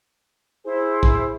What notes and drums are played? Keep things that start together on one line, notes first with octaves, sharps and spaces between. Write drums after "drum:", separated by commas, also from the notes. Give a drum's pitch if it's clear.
E4 G#4 C5
drum: kick